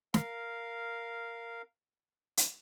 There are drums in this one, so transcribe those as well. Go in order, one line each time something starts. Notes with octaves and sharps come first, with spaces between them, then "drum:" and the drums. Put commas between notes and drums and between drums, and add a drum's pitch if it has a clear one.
A#4 F5, drum: snare
drum: hi-hat